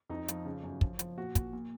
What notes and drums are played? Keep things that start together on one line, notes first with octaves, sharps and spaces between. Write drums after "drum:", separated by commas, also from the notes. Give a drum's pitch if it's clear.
F2 D#4
F3, drum: hi-hat
C#3
F#2
F3, drum: kick
F3, drum: hi-hat
A#2 F#4
A#2, drum: kick, hi-hat
A#2